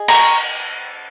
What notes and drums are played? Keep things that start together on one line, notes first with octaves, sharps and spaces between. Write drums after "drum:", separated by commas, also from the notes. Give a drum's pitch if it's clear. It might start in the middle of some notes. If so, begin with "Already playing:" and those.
Already playing: G#4 D#5
A#5 C#6, drum: cymbal